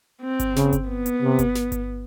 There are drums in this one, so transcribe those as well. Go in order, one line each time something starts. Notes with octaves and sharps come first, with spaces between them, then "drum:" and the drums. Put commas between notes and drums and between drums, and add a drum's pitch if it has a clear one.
C4
drum: kick G1, hi-hat
C#3, drum: snare
drum: kick G1, hi-hat
B3
drum: hi-hat
C3
drum: kick G1, hi-hat
drum: snare
drum: kick G1, hi-hat